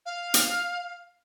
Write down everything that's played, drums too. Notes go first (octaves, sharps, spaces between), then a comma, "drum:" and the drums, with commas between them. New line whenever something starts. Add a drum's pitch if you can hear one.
F5
drum: hi-hat